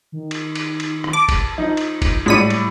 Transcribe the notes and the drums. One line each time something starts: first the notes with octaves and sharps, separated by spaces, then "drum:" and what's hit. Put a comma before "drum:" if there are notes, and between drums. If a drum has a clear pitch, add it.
D#3
drum: cymbal
drum: cymbal
drum: cymbal
drum: rim click
A5 D6
drum: kick G1, cymbal
F3 D#4
drum: cymbal
drum: kick G1, cymbal
A2 G3 G#3 D5 B6 C#7 D#7
drum: cymbal